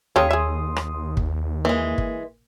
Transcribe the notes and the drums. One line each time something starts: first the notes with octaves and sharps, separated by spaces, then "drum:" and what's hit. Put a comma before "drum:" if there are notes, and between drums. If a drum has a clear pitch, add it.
D#2 C#3 G4 A4 C#5 C6 D#6
G#4 E5
drum: rim click
drum: kick G1
E3 G#3 A#3
drum: kick G1